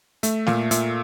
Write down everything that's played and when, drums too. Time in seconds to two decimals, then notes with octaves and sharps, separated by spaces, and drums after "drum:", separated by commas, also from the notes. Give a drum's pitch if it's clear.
0.23 A3 E5, drum: hi-hat
0.47 A#2 F5, drum: snare
0.71 A#2 E5, drum: hi-hat